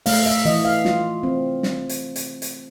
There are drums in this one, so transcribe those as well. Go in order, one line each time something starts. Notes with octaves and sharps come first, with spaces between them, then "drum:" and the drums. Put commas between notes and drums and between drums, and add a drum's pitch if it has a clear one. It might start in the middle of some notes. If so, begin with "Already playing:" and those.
A3 F5, drum: open hi-hat
E5
E3 D#5
F5
F4, drum: snare
C4
drum: snare
drum: hi-hat
drum: hi-hat
drum: hi-hat